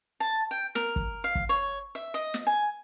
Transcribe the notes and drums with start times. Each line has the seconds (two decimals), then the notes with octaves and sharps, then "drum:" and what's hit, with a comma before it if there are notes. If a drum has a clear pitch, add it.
0.20 A5
0.51 G5
0.75 A#4, drum: snare
0.96 drum: kick
1.24 F5
1.35 drum: kick
1.49 C#5
1.95 E5
2.14 D#5
2.34 drum: snare
2.47 G#5